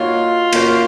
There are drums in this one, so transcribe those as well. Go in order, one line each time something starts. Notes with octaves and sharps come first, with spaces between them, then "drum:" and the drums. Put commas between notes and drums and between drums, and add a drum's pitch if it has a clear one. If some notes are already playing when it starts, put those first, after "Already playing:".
Already playing: A#3 D#4 F4 F#4 C#5
A#3 C#4 F#4 A#4, drum: cymbal